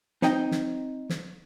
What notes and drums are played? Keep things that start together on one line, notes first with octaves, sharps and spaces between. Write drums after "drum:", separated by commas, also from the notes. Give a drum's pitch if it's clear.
C4 D#4 D#5 G5, drum: snare
drum: snare
drum: snare